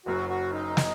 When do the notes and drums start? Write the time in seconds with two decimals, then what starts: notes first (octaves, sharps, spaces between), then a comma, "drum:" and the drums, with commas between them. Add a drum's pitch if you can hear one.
0.06 F#1 F#2 F#3 F#4
0.29 F#4
0.53 D#4
0.77 drum: snare